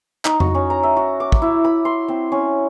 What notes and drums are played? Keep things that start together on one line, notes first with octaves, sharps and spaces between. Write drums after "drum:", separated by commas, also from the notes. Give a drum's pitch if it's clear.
D#4, drum: clap
F#4, drum: tom F2
C#4
A#5
E5
F#4
D6
drum: kick
E4
B5
C6
C4
C#4